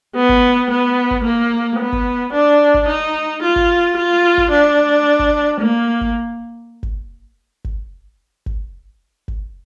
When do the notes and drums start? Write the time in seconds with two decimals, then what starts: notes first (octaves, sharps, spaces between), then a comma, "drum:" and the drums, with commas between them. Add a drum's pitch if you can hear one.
0.16 B3
0.29 drum: kick
0.70 B3
1.11 drum: kick
1.24 A#3
1.79 B3
1.93 drum: kick
2.33 D4
2.74 drum: kick
2.88 D#4
3.42 F4
3.56 drum: kick
3.97 F4
4.38 drum: kick
4.51 D4
5.19 drum: kick
5.61 A#3
6.01 drum: kick
6.83 drum: kick
7.65 drum: kick
8.46 drum: kick
9.28 drum: kick